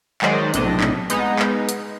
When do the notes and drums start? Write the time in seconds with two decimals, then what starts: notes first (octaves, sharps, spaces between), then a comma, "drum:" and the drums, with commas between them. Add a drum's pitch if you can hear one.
0.22 D#3 F#3 G#3 C5 D5 D#5, drum: clap
0.54 B1 A2 C3 D4 D#5, drum: hi-hat
0.80 drum: clap
1.10 G#3 B3 D#4, drum: hi-hat
1.39 drum: clap
1.69 drum: hi-hat